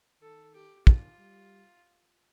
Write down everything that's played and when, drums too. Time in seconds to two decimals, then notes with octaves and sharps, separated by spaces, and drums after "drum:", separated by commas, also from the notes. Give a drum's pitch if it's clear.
0.21 D#3 A4
0.54 G4
0.87 D#3 F4, drum: kick
1.19 G3